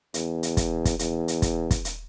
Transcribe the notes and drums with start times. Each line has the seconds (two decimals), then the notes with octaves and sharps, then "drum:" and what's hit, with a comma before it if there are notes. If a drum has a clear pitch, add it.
0.14 E2, drum: hi-hat
0.43 drum: hi-hat
0.57 drum: kick, hi-hat
0.85 drum: kick, hi-hat
0.99 E2, drum: hi-hat
1.28 drum: hi-hat
1.42 drum: kick, hi-hat
1.71 drum: kick, hi-hat
1.85 drum: hi-hat